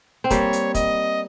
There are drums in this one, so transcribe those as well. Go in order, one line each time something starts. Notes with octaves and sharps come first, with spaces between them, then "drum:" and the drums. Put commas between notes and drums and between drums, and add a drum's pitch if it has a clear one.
C4
G3 A#3 C#5, drum: kick, hi-hat
drum: hi-hat
D#5, drum: kick, hi-hat